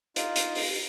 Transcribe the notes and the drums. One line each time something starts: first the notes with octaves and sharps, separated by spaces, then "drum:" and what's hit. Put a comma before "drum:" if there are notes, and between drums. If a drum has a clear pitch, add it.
D#4 F4, drum: hi-hat
drum: hi-hat
drum: open hi-hat